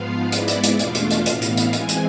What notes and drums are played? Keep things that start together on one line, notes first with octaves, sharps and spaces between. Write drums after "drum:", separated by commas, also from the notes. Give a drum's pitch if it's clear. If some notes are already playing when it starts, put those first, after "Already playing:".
Already playing: G#2 F3 B3 F4 F5
G#2 G#3 B3 E4 D5, drum: hi-hat
drum: hi-hat
drum: hi-hat
E2 B2 A3 D4 F4 F5, drum: hi-hat
drum: hi-hat
drum: hi-hat
A2 E3 B3 F5, drum: hi-hat
drum: hi-hat
drum: hi-hat
E3 G#3 C4 G#5, drum: hi-hat
drum: hi-hat